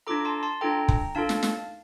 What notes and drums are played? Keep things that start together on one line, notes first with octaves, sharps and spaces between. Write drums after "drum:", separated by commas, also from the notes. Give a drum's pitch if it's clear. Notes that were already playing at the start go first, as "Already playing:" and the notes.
D4 F4 A4 A#5 D6
A5 C6
A5 C6
D4 F4 A4 G5 A#5
drum: kick
D4 F4 A4 F5 A5
drum: snare
drum: snare